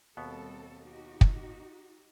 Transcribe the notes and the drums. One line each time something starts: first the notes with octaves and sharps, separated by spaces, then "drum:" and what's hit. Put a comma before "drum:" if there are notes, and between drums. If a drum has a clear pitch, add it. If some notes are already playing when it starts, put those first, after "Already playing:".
D#2 B2 G3 B3 C4 A4
D#4 F#4 G4
drum: kick